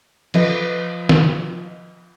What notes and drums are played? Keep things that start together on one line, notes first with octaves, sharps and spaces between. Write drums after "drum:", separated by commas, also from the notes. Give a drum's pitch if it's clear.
F3 B4 D#5, drum: cymbal
drum: snare